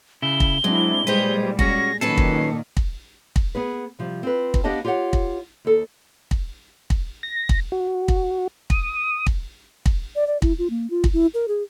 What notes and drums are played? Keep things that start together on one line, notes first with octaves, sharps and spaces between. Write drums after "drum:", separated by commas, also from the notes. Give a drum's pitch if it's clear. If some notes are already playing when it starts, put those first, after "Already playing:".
C#3 E4 G7
drum: kick
F#3 G#3 C4 D4 E4
A#2 G3 G#3 D#4 G4 G#4 B4 C5
C#4 F#4 G#4 A#6, drum: kick
A#2 D#3 F#3 A#3 C#4 A4 B4 C7
drum: kick
drum: kick
drum: kick
B3 G#4 B4
C3 F3 G3
C4 F4 B4
drum: kick
B3 D4 G4 D#5 F5 A5
F4 G4 C#5 D5 F#5
drum: kick
D#2 A4
drum: kick
drum: kick
A#6
drum: kick
F#4
drum: kick
D#6, drum: kick
drum: kick
drum: kick
D5
D5
E4, drum: kick
F4
A#3
F4
drum: kick
E4
A#4
G#4